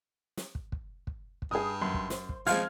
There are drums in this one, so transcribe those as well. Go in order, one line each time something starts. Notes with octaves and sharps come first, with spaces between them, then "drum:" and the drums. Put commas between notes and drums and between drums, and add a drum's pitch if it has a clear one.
drum: snare
drum: kick
drum: kick
drum: kick
drum: kick
G2 G#4 D#6
F#2 C6
drum: kick
C5, drum: snare
drum: kick
F3 G#3 C4 F4 F5 F6 G#6, drum: snare